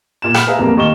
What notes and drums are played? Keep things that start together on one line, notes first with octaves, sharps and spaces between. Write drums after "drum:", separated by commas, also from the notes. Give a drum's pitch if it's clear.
A#2 E7
B5 F6, drum: rim click
G#4 B4 E5 F5 A#5
F1 C2 A#3 A#5
D#2 D#5 C#6 E7 G7